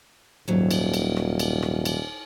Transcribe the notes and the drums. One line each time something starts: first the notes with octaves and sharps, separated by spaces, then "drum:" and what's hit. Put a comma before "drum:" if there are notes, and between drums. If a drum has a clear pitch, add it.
D#1 D#2 G#2 F#3
drum: cymbal
drum: cymbal
drum: rim click
drum: cymbal
drum: rim click
drum: cymbal